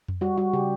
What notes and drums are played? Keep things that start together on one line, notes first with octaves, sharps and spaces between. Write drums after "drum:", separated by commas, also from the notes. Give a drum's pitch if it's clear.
drum: tom F2
G3 F#4
G3 F#4
C#3 G4